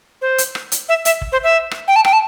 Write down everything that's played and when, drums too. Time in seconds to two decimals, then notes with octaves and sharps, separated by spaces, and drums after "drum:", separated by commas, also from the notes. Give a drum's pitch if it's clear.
0.21 C5
0.38 drum: hi-hat
0.55 drum: rim click
0.72 drum: hi-hat
0.89 E5
1.05 E5, drum: hi-hat
1.22 drum: kick
1.32 C5
1.44 E5
1.71 drum: rim click
1.88 G5
1.96 A5
2.05 G5, drum: rim click
2.13 A5